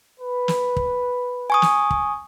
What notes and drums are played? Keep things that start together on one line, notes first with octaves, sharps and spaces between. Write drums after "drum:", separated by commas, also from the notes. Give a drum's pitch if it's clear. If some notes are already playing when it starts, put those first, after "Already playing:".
B4
drum: snare
drum: kick
G#5 C#6 D#6
drum: snare
drum: kick